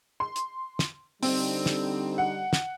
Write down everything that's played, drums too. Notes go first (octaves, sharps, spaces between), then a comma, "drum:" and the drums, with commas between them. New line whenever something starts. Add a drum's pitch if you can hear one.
C6
drum: hi-hat
drum: snare
D3 G3 C4 D#4, drum: open hi-hat
drum: snare
F#5
drum: snare